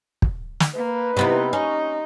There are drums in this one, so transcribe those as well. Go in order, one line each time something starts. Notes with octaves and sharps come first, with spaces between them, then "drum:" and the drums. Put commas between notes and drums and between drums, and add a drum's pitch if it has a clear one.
drum: kick
drum: snare
A#3 B4
C3 B3 D#4 E4
C#4 D#4